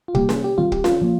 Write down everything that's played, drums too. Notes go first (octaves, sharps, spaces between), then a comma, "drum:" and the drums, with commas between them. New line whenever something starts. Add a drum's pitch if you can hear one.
F4
C3 G3 A#3 G4, drum: kick
G#4, drum: snare C#4
G4
D#3 G3 C4 F4
G4, drum: kick
F4, drum: snare C#4
F3 A#3